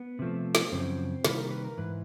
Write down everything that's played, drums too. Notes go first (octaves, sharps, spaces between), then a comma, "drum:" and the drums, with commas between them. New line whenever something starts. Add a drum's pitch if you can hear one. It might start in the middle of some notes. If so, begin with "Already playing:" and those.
Already playing: B3
C3 F3 A3
drum: snare
F#2 C#3 F3 C4
C3 D#3 G3 A#3 E4, drum: snare
A#4
B4
A#4
G#2 E3 B4